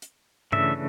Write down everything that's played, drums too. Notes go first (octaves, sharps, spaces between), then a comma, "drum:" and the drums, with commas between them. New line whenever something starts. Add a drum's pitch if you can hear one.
drum: hi-hat
C#3 E3 A3 D4 E5, drum: tom G2